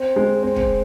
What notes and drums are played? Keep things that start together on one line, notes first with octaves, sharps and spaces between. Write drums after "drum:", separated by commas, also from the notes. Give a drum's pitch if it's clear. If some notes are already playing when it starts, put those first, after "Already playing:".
Already playing: C4
G#3
C4
drum: kick